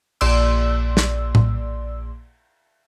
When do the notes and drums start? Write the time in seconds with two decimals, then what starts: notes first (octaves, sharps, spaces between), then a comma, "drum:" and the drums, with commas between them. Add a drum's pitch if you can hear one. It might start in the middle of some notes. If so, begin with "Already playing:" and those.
0.21 A#1 D5 C6 E6, drum: cymbal
0.97 drum: snare
1.35 drum: tom A2